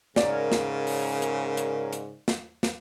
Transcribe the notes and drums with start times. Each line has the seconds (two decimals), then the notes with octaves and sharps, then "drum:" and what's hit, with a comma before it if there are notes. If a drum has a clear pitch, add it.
0.16 G#2 C#3 A#4 C#5 D5, drum: snare
0.52 drum: snare
0.87 drum: open hi-hat
1.22 drum: hi-hat
1.57 drum: hi-hat
1.93 drum: hi-hat
2.28 drum: snare
2.63 drum: snare